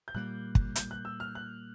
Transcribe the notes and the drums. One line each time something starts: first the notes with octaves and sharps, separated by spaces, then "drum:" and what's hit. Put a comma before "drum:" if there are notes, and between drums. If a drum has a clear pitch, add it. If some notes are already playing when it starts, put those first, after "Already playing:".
G6
A#2 G3 A#3 F#6
drum: kick
G6, drum: hi-hat
F#6
E6
F6
F#6